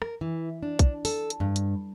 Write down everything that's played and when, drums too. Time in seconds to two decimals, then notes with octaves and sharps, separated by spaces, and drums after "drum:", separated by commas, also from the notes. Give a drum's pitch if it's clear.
0.02 A#4, drum: rim click
0.21 E3
0.63 D4
0.79 drum: kick, hi-hat
1.05 A4, drum: open hi-hat
1.30 drum: hi-hat
1.40 G2
1.56 drum: hi-hat